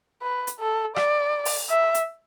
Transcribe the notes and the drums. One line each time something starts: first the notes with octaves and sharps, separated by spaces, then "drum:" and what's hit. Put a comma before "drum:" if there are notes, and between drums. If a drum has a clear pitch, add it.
B4
drum: hi-hat
A4
D5, drum: rim click
drum: open hi-hat
E5
drum: hi-hat